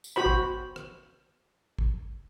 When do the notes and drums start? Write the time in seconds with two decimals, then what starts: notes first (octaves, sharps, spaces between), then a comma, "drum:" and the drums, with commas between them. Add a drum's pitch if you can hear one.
0.04 drum: tambourine
0.16 F#4 C5 B5
0.26 drum: kick
0.76 drum: rim click
1.79 drum: kick